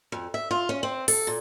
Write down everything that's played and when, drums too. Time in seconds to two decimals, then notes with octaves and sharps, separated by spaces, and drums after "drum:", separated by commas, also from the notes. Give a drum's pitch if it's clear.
0.12 F2
0.34 E5
0.51 F4
0.69 C#4
0.83 C4
1.08 A4, drum: open hi-hat
1.27 A#2